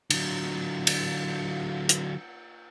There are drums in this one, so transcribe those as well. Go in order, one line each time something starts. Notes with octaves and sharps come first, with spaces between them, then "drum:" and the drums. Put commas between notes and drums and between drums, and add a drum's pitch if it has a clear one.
D3 F#3, drum: cymbal
drum: cymbal
drum: hi-hat